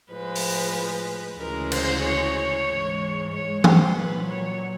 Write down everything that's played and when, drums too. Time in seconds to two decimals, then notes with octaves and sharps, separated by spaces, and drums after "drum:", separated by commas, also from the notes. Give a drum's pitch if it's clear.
0.12 A2 F3 G#3 B4
0.35 drum: open hi-hat
1.39 D2 C#3 E3 G#3 A#4
1.72 C5, drum: cymbal
2.03 C#5
2.68 G#2 E3 G#3
3.32 C#5
3.64 C5, drum: tom E3
3.96 A#2 F#3 B4
4.28 C#5